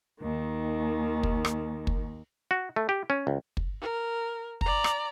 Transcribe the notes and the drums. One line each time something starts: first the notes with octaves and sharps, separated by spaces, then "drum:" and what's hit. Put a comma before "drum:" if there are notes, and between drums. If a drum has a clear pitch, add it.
D#2 D#3
drum: kick
drum: rim click
drum: kick
F#4
A3
G4
C#4
C#2
drum: kick
A#4
D5 A#5, drum: kick
drum: rim click